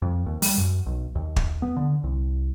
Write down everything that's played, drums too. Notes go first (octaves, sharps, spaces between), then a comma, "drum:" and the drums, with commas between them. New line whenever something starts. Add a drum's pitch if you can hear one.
F2
D#2
G3, drum: open hi-hat
F#2
B1
D#2
drum: kick
B3
D3
C2